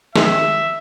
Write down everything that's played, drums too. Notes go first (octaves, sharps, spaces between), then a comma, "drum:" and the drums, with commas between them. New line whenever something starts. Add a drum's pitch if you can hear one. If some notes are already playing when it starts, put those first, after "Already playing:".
D#3 G#3 E5, drum: snare